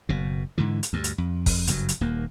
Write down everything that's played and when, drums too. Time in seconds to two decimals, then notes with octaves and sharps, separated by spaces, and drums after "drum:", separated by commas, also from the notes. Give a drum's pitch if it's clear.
0.09 F#1 B2
0.58 G#2 D3 E3
0.83 drum: hi-hat
0.93 D2 G2
1.04 drum: hi-hat
1.18 F2
1.46 drum: kick, open hi-hat
1.67 F#1 G2 C3 F#3, drum: hi-hat
1.89 drum: hi-hat
2.01 D#1 D#2 A#3